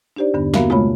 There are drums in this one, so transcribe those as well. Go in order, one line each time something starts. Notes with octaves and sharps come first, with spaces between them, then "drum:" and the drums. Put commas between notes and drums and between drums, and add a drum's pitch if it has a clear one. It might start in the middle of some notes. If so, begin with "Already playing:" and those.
D4 D#4 G4 C5 D5
E2 G2 D3 B3 D4
A#3 B3 F#4 A#4 E5 F5, drum: snare
C3 G#3 A3 F4 C#5 B5, drum: tom